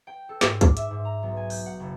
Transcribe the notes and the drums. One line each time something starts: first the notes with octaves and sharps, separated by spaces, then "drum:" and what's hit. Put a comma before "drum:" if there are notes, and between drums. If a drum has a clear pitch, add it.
G5
A4
G#2, drum: snare
D6, drum: kick, hi-hat
E5, drum: hi-hat
G#2
A#5
B1
G#5
G6, drum: open hi-hat
F#5
F#1